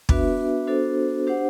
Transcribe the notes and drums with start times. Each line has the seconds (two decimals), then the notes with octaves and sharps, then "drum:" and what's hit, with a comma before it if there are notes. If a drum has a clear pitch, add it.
0.09 B3 D4 F#4 B4 E5, drum: kick
0.67 B3 D4 F#4 A4 C5
1.27 D4 G4 C5 F#5